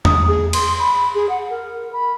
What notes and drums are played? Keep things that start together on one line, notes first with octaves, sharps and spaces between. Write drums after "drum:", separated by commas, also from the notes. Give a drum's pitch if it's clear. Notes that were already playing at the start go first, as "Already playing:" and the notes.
D#6, drum: tom E2
G#4
C6, drum: cymbal
B5
G#4
F#5
A#4
B5